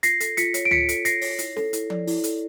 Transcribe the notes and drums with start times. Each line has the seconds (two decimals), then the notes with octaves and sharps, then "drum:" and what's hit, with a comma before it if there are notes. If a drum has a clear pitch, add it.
0.03 F4 A#6 C7, drum: hi-hat
0.20 A4, drum: hi-hat
0.37 F4 B6 C#7, drum: hi-hat
0.54 C#5, drum: hi-hat
0.65 D7
0.71 F4 B6 C#7, drum: tom C#2
0.89 A4, drum: hi-hat
1.05 F4 A#6 C7, drum: hi-hat
1.21 C#5, drum: open hi-hat
1.39 E4, drum: hi-hat
1.56 A4, drum: snare
1.73 E4, drum: hi-hat
1.90 D5, drum: tom F3
2.07 E4, drum: open hi-hat
2.24 A4, drum: hi-hat